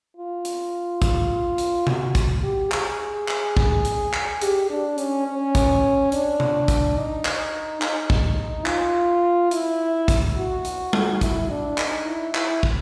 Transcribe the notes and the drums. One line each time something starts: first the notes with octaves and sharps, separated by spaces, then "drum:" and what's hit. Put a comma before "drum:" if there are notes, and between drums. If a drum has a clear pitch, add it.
F4
drum: hi-hat
drum: kick, hi-hat
drum: hi-hat
F#4, drum: tom C3
drum: kick, hi-hat
G4
G#4, drum: clap
drum: clap
drum: kick
drum: hi-hat
drum: clap
G4, drum: hi-hat
D4
C#4, drum: hi-hat
C#4
drum: kick, hi-hat
D4, drum: hi-hat
drum: tom C3
drum: kick, hi-hat
D#4
drum: clap
D#4, drum: clap
drum: kick
F4, drum: clap
E4, drum: hi-hat
drum: kick, hi-hat
F#4
drum: hi-hat
drum: tom G3
E4, drum: kick, hi-hat
D4
D#4, drum: clap
E4
E4, drum: clap
drum: kick